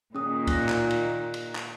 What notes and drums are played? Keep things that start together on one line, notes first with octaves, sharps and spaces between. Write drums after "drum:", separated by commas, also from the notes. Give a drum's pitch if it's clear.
A#2 D#3 C#4 D#4 G#4 D#6
F#6 A#6, drum: kick, cymbal
drum: clap
drum: cymbal
drum: cymbal
drum: clap